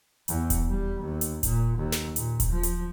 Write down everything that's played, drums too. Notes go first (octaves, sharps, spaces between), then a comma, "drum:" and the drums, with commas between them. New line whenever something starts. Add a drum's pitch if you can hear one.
E2, drum: hi-hat
drum: kick D#1, hi-hat
G3
D#2
drum: hi-hat
A#2, drum: kick D#1, hi-hat
D#2
drum: snare
A#2, drum: hi-hat
drum: kick D#1, hi-hat
F3
drum: hi-hat